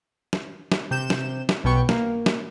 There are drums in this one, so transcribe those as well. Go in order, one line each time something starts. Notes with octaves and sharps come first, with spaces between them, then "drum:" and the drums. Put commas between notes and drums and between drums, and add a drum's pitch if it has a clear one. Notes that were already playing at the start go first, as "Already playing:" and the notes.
drum: snare
drum: snare
C3 G6 E7
drum: snare
drum: snare
B1 B2 B3 G5 C#6
A#3, drum: snare
drum: snare